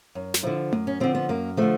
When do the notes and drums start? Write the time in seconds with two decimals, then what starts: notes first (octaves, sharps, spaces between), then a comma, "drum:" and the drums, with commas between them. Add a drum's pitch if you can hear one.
0.15 F#2
0.34 drum: snare
0.43 D3 F3 E4
0.73 F#2, drum: tom A3
0.87 C#4
1.00 D3 F3 C4
1.15 B3
1.29 F#2 A#3
1.57 D3 F3 A3